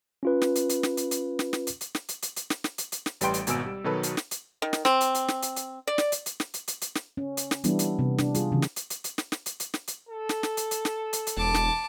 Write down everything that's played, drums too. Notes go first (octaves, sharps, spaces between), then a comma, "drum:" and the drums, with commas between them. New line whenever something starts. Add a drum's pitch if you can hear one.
C#4 F4 B4
drum: snare
drum: hi-hat
drum: hi-hat
drum: snare
drum: hi-hat
drum: hi-hat
drum: snare
drum: snare
drum: hi-hat
drum: hi-hat
drum: snare
drum: hi-hat
drum: hi-hat
drum: hi-hat
drum: snare
drum: snare
drum: hi-hat
drum: hi-hat
drum: snare
A1 G3 B4 G5 C6 D7, drum: hi-hat
drum: hi-hat
G#1 B2 G#5 E6 D7, drum: hi-hat
G3
B2 D#3 F#3 A4 B4
drum: hi-hat
drum: snare
drum: hi-hat
D#3
drum: snare
C4, drum: snare
drum: hi-hat
drum: hi-hat
drum: snare
drum: hi-hat
drum: hi-hat
D5
drum: snare
drum: hi-hat
drum: hi-hat
drum: snare
drum: hi-hat
drum: hi-hat
drum: hi-hat
drum: snare
C#4
drum: hi-hat
drum: snare
E3 G3 B3 D4 E4, drum: hi-hat
drum: hi-hat
C3 B3
D4, drum: snare
G3 F4 G#4, drum: hi-hat
C#3 E3
drum: snare
drum: hi-hat
drum: hi-hat
drum: hi-hat
drum: snare
drum: snare
drum: hi-hat
drum: hi-hat
drum: snare
drum: hi-hat
A4
drum: snare
drum: snare
drum: hi-hat
drum: hi-hat
drum: snare
drum: hi-hat
drum: hi-hat
E1 A5 D6
drum: snare